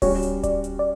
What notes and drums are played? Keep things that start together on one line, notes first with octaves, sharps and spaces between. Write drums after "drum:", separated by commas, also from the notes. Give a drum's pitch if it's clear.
G3 C#4 F#4 C#5, drum: kick D1, open hi-hat
drum: hi-hat
D5, drum: kick D1, hi-hat
drum: hi-hat
D5